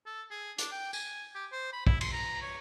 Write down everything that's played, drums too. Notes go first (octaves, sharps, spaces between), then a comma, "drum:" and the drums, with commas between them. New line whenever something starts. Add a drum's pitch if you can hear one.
A4
G#4
D4, drum: hi-hat
G5
G#5, drum: tambourine
G4
C5
B5
E4, drum: kick
C6, drum: cymbal
A#5
C#5